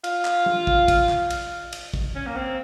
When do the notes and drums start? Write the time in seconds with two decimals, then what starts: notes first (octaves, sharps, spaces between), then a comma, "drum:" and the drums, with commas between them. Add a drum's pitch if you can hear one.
0.04 F4, drum: cymbal
0.25 drum: clap
0.46 drum: tom
0.67 drum: kick
0.88 drum: kick, cymbal
1.09 drum: clap
1.30 drum: cymbal
1.72 drum: cymbal
1.94 drum: kick
2.15 C#4
2.27 A#3
2.36 C4